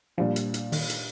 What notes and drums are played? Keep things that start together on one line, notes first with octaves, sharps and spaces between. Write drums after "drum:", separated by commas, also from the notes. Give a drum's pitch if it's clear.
A#2 F3 G3 D4
drum: hi-hat
drum: hi-hat
D#3, drum: open hi-hat
drum: hi-hat